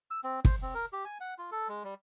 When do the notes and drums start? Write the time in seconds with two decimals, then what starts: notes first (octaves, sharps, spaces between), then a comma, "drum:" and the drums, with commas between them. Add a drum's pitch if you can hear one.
0.11 E6
0.24 C4
0.45 C5, drum: kick
0.62 C4
0.74 A#4
0.93 G4
1.05 G#5
1.20 F#5
1.39 F4
1.51 A4
1.68 G#3
1.84 G3